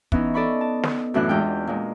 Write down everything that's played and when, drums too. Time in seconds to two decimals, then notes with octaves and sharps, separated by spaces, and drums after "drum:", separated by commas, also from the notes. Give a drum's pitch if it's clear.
0.12 E3 B3 C#4 D#4, drum: kick
0.34 A4 D5 D#5 B5 C#6
0.61 A5
0.83 drum: snare
1.14 F#2 A2 E3 D4 F#6
1.29 E2 G#3 D4 F4 G5
1.67 A#2 G#3